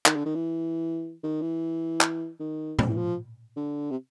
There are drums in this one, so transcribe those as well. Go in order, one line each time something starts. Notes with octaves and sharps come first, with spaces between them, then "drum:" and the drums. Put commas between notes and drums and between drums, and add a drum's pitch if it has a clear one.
D#3, drum: clap
D3
D#3
E3
D#3
E3
drum: clap
D#3
drum: tom A2
E3
F3
D3
C3